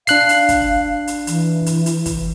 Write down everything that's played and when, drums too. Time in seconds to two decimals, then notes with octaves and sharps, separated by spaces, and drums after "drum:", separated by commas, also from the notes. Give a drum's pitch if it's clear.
0.07 D4 F5 F#6 C7, drum: hi-hat
0.29 drum: hi-hat
0.49 drum: kick, hi-hat
1.07 drum: hi-hat
1.27 E3, drum: hi-hat
1.66 drum: hi-hat
1.86 drum: hi-hat
2.06 drum: kick, hi-hat